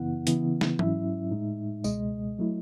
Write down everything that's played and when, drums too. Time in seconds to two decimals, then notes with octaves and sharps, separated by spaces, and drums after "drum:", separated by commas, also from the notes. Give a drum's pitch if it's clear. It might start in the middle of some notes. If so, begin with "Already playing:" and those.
Already playing: F#2 C#3 E3 B3 E4 F#5
0.27 C#3 E3 B3 E4, drum: hi-hat
0.61 drum: snare
0.79 G#2 F#3 C#4 E4 E5, drum: tom E3
1.31 A2 G#3 D#4
1.84 C#2 B2 G#3 D#5, drum: tambourine
2.39 F#3 A3 E4